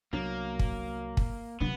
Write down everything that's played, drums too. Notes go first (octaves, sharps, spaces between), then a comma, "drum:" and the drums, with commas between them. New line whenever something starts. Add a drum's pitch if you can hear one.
C2 F#3 A#3 B3 D4
drum: kick
drum: kick
A1 C3 F#3 B3 D4